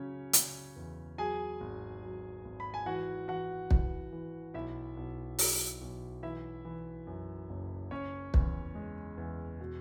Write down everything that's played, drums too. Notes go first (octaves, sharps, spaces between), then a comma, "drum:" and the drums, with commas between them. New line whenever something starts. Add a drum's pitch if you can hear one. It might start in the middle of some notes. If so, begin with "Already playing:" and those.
Already playing: C#3 F#3 C#4 C#5
C#3, drum: hi-hat
E2
F#3 G#4 G#5
G#1
F#3
G#1
B5
G#5
E3 F#4 F#5
E3 F#4 F#5
E3, drum: kick
E3
B1 E4 E5
B1
F#3, drum: open hi-hat
B1
E3 E4 E5
E3
F#2
F#1
F#1 C#4 C#5
E2, drum: kick
G#3
E2
B2